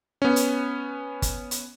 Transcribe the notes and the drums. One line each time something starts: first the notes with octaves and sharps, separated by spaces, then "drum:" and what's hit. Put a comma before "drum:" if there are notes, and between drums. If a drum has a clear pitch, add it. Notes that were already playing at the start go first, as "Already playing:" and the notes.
B3 C#4
drum: hi-hat
drum: kick G1, hi-hat
drum: hi-hat